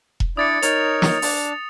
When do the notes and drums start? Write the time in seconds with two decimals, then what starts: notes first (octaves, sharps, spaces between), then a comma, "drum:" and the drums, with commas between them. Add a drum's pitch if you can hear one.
0.20 drum: kick E1
0.37 D4 E4 D5 D#6 A6 C#7
0.62 D#4 A#4 C#5 A6 F7, drum: hi-hat
1.02 drum: snare
1.22 D4 A5, drum: open hi-hat